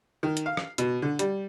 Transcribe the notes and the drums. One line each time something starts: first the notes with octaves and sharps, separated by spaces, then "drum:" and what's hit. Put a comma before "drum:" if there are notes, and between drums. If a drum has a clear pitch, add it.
D#3
drum: hi-hat
F5
drum: rim click
B2, drum: hi-hat
D3
G3, drum: hi-hat